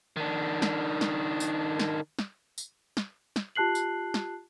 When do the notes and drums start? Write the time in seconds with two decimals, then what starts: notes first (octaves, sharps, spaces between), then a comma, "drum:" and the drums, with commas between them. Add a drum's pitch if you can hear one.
0.17 D#3 D4
0.62 drum: snare
1.01 drum: snare
1.40 drum: tambourine
1.79 drum: snare
2.19 drum: snare
2.58 drum: tambourine
2.97 drum: snare
3.36 drum: snare
3.56 F4 G4 A5 F#6 C7 F#7
3.75 drum: tambourine
4.14 drum: snare